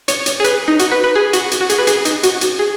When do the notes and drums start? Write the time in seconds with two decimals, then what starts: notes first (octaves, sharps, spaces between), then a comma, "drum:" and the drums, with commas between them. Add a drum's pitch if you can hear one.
0.08 C#5, drum: hi-hat
0.26 drum: hi-hat
0.40 G#4
0.44 B4, drum: hi-hat
0.68 D#4
0.79 F#4, drum: hi-hat
0.92 B4
1.04 B4
1.15 G#4
1.33 F#4, drum: hi-hat
1.51 drum: hi-hat
1.61 F#4
1.69 G#4, drum: hi-hat
1.78 B4
1.87 G#4, drum: hi-hat
2.05 D#4, drum: hi-hat
2.23 F#4, drum: hi-hat
2.41 drum: hi-hat
2.59 G#4